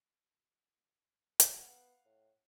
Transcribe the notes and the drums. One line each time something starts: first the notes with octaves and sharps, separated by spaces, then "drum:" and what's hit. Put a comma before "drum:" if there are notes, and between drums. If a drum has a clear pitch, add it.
drum: hi-hat
B3 F5 F#5
A2